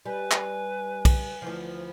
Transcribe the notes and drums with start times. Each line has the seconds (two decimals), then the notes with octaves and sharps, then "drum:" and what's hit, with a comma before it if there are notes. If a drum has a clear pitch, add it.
0.05 G3 B4 G#5
0.31 drum: clap
1.05 drum: kick, cymbal
1.42 D2 E3 F3